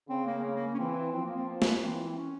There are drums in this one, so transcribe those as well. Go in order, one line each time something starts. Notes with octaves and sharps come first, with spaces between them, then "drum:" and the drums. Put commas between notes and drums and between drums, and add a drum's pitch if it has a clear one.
C#3 C4
A#3
A#3
A#3
A#3
C#4
E3 C4
F3 C4
A#3
C4
A#3
drum: snare
E3 C4
C4
C#4